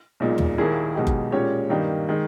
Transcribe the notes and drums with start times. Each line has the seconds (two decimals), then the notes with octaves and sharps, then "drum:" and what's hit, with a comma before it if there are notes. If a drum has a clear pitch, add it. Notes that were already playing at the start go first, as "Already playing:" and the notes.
0.20 B1 A#2 G#3 D#4
0.38 drum: tom
0.58 D#2 D#3 A#3 E4 G#4
0.95 B1 B2 G#3 D#4 G4
1.07 drum: kick F#1
1.32 A#2 G#3 C#4 G4 C#5
1.69 G2 D#3 A#3 D#4 G4
2.09 D#3 G#3 D#4